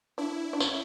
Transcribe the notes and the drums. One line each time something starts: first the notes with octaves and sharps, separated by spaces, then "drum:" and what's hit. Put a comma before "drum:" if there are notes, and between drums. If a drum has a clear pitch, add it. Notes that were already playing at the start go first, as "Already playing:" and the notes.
D4 E4
D4
C#4, drum: tambourine